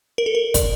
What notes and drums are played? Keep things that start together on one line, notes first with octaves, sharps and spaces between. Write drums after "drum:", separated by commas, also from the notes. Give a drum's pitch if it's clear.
A#4
A4
A#4
D5, drum: kick, hi-hat